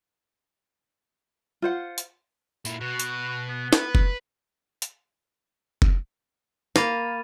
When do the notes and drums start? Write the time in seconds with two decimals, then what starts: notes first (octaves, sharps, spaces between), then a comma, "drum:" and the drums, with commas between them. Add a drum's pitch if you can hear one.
1.62 F4 C5 F#5
1.98 drum: hi-hat
2.65 A#2 E4, drum: tambourine
2.81 B2 F#4
3.00 drum: hi-hat
3.49 B3
3.73 B4, drum: snare
3.95 drum: kick F1
4.82 drum: hi-hat
5.82 drum: kick F1
6.76 A#3 B5 A6 D#7, drum: snare